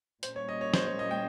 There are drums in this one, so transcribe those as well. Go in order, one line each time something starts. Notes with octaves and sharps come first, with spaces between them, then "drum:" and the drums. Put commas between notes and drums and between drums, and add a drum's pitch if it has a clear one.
A#2 G3 A#3 C#4 C5, drum: hi-hat
C#5
D#5
C#5
C5, drum: snare
C#5
D#5
G5